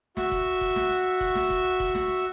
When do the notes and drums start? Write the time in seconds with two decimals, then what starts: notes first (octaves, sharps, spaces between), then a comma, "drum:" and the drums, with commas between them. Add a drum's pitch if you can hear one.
0.17 F#4 E5 C#6, drum: snare
0.32 drum: kick F1
0.61 drum: kick F1
0.76 drum: snare
1.21 drum: kick F1
1.35 drum: snare
1.50 drum: kick F1
1.80 drum: kick F1
1.95 drum: snare